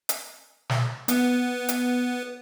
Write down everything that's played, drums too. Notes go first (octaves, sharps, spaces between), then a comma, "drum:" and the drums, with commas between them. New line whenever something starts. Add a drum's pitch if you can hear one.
drum: hi-hat
drum: snare
B3, drum: hi-hat
drum: hi-hat